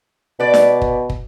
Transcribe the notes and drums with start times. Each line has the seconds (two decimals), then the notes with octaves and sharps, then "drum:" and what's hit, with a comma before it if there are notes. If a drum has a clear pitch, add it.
0.40 B2 B4 D5
0.54 drum: snare
0.82 drum: kick
1.10 drum: kick